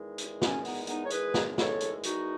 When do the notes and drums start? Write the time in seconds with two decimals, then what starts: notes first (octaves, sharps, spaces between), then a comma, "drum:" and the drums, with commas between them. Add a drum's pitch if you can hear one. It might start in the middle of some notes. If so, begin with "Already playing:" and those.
Already playing: E2 D#3 G#3
0.18 drum: hi-hat
0.42 C#4, drum: snare
0.65 B3 D#4, drum: open hi-hat
0.87 B3 D#4, drum: hi-hat
1.05 C#5
1.10 G#4 B4, drum: hi-hat
1.34 drum: snare
1.58 A4 C#5, drum: snare
1.81 drum: hi-hat
2.03 D#4 F#4, drum: hi-hat